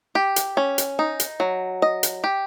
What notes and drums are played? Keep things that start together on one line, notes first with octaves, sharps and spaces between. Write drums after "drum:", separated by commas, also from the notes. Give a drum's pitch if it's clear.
G4
drum: hi-hat
C#4
drum: hi-hat
D#4
drum: hi-hat
F#3
D#5
drum: hi-hat
G4